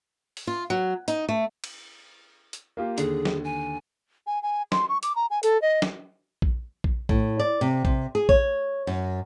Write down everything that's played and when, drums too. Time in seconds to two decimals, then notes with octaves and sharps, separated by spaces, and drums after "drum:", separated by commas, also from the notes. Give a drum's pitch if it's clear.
0.37 drum: open hi-hat
0.47 F4
0.70 F#3
1.08 D#4, drum: hi-hat
1.29 A3
1.64 drum: cymbal
2.53 drum: hi-hat
2.77 A#3 F4 G4
2.98 D#2 D3 G#4, drum: hi-hat
3.25 drum: snare
3.44 G#5
4.27 G#5
4.43 G#5
4.72 C6, drum: snare
4.89 C#6
5.03 D6, drum: hi-hat
5.16 A#5
5.30 G#5
5.43 A4, drum: hi-hat
5.62 D#5
5.82 drum: snare
6.42 drum: kick A#1
6.84 drum: kick A#1
7.09 A2, drum: kick A#1
7.40 D5
7.61 C3
7.85 C3, drum: kick A#1
8.15 G#4
8.29 C#5, drum: kick A#1
8.87 F#2